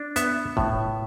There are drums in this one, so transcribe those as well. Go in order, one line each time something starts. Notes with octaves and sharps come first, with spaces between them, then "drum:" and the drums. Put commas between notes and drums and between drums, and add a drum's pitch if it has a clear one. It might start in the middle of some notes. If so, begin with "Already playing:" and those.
Already playing: D4
B3 E5, drum: hi-hat
A2, drum: kick